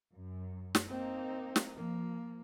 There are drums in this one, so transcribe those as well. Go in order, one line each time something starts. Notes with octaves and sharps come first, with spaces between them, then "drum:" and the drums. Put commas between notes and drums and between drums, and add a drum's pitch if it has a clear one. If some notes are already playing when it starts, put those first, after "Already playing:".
F#2
drum: snare
A#3 C4 D#4
drum: snare
F3 A#3